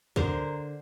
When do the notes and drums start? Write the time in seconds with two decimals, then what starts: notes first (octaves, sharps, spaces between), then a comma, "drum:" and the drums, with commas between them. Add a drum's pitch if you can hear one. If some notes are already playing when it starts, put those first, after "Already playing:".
0.16 D3 A#4 C5, drum: kick